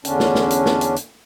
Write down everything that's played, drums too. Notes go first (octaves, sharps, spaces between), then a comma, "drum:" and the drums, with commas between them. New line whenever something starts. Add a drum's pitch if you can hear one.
E2 D3 C#4 D4, drum: hi-hat
drum: snare
drum: snare
drum: hi-hat
drum: snare
drum: hi-hat
drum: hi-hat